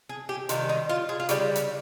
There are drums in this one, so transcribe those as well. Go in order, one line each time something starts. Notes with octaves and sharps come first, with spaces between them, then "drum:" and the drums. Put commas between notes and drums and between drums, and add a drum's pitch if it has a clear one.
G#4
G4
C3 D#3 G3 F4, drum: hi-hat
D#4
F4
G#4
F4
C#3 G3 G4, drum: hi-hat
drum: hi-hat